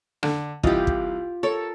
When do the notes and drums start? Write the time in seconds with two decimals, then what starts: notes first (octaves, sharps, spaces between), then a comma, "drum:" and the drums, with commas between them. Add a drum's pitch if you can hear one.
0.23 D3, drum: rim click
0.63 C2 E3 F4 G4 D#5, drum: kick
0.87 drum: kick
1.43 A4 A#4 C#5